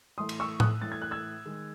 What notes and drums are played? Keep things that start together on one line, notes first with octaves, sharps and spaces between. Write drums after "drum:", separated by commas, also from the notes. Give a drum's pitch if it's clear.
A2 E3 A3 C6 D#6
drum: cymbal
C#6 E6
D#6 F#6, drum: tom
A2 E3 A3 A6
G#6
F#6
E6 G#6
D#3 G#3